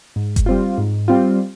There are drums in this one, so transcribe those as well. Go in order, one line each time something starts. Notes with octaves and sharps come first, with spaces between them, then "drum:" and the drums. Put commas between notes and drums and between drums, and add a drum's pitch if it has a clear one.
G#2
drum: kick F#1, hi-hat
G3 C4 F4
G#2
G3 C4 F4